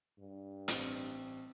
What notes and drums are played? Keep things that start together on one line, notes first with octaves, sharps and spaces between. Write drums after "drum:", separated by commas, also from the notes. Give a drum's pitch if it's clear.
G2
A1 C4 C#7, drum: hi-hat